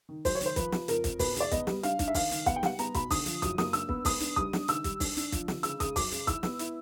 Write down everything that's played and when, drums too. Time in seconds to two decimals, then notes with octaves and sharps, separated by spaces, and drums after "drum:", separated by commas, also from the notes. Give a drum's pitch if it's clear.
0.09 D#3
0.25 F#3 C5, drum: kick, open hi-hat
0.35 C#5
0.41 D#3 C5, drum: hi-hat
0.56 F3 B4, drum: kick, hi-hat
0.72 F3, drum: snare
0.88 F2 A#4, drum: hi-hat
1.04 F2, drum: kick, hi-hat
1.19 B2 B4, drum: kick, open hi-hat
1.36 E2 D5, drum: hi-hat
1.51 B3 D#5, drum: kick, hi-hat
1.67 G3, drum: snare
1.83 D4 F5, drum: hi-hat
1.99 D4, drum: kick, hi-hat
2.08 E5
2.14 D#3 F5, drum: kick, open hi-hat
2.31 D#3, drum: hi-hat
2.46 B3 F#5, drum: kick, hi-hat
2.56 G5
2.63 G3 F#5, drum: snare
2.79 B3 A#5, drum: hi-hat
2.94 B2 B5, drum: kick, hi-hat
3.10 D3 D#6, drum: kick, open hi-hat
3.26 F3, drum: hi-hat
3.42 F#2 D#6, drum: kick, hi-hat
3.58 A#3 D#6, drum: snare
3.73 D4 E6, drum: hi-hat
3.89 B3, drum: kick
4.05 B3 D#6, drum: kick, open hi-hat
4.20 D4, drum: hi-hat
4.36 G3 D#6, drum: kick
4.53 D4, drum: snare
4.68 D#3 E6, drum: hi-hat
4.84 G3, drum: kick, hi-hat
5.00 D4, drum: kick, open hi-hat
5.17 D4, drum: hi-hat
5.32 F3, drum: kick, hi-hat
5.48 D3, drum: snare
5.63 C#3 E6, drum: hi-hat
5.80 C#3 D#6, drum: kick, hi-hat
5.96 F#2 D6, drum: kick, open hi-hat
6.12 C#3, drum: hi-hat
6.27 E4 E6, drum: kick, hi-hat
6.43 B3, drum: snare
6.59 E4, drum: hi-hat